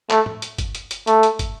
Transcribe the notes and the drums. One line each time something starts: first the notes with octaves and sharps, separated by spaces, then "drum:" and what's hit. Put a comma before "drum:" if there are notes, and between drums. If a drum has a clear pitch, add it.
A3, drum: clap
drum: tom
drum: hi-hat
drum: kick, hi-hat
drum: hi-hat
drum: hi-hat
A3, drum: hi-hat
drum: hi-hat
drum: kick, hi-hat